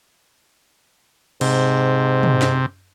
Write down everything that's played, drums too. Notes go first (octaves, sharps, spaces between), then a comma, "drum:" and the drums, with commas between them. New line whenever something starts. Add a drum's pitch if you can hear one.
G#2 C3, drum: cymbal
drum: tom
drum: snare